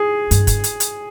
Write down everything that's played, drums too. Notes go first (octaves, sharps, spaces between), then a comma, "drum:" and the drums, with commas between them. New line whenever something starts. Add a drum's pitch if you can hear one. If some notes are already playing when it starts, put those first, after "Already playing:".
Already playing: G#4
G2, drum: hi-hat
drum: kick, hi-hat
drum: hi-hat
drum: hi-hat